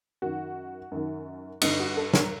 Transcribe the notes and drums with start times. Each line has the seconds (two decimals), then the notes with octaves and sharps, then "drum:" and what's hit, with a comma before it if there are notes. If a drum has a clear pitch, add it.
0.22 F#2 D#3 F#4
0.92 F#2 D#3
1.61 G2 D3 D#4, drum: cymbal
1.80 F#4
1.97 A4
2.14 A#4, drum: snare